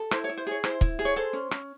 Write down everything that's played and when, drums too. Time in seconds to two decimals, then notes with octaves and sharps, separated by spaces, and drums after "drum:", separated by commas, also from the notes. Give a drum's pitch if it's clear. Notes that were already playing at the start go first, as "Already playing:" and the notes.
Already playing: A4
0.11 E4 C5, drum: rim click
0.24 C#5
0.29 E4
0.37 C5
0.47 G#4 C#5
0.64 E4 C5, drum: rim click
0.81 E4, drum: kick
0.99 G#4
1.05 C#5
1.16 A4 C5
1.33 C#4
1.51 C#4, drum: rim click